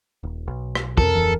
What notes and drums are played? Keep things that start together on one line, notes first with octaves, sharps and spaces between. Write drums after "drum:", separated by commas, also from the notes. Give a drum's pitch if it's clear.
D#1
B1
drum: rim click
F2 A4 A#4, drum: kick
D1 E3